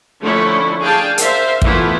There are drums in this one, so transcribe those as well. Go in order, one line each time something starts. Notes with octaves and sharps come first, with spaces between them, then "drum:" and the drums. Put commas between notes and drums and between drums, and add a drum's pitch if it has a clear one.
D3 F3 A3 C#4 D4 E4
D4 G#4 F5 G5 A5
A#4 C5 E5 F5, drum: hi-hat
E3 A3 B3 E4 F4, drum: kick